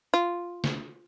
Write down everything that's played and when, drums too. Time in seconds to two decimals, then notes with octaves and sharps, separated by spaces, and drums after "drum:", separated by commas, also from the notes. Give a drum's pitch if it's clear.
0.14 F4
0.64 drum: snare